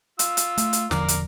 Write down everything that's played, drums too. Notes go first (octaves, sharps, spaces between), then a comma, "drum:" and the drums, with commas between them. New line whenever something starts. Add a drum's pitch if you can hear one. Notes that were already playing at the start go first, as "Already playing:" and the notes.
F4 E6, drum: hi-hat
drum: hi-hat
A3, drum: hi-hat
drum: hi-hat
E1 D3 F3 A#4 D5, drum: snare
drum: hi-hat